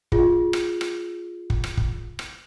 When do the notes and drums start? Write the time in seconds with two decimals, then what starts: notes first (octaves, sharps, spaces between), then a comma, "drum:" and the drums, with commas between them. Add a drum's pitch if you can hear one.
0.12 F4 G#4, drum: kick
0.53 drum: rim click
0.81 drum: rim click
1.50 drum: kick
1.64 drum: rim click
1.77 drum: kick
2.19 drum: rim click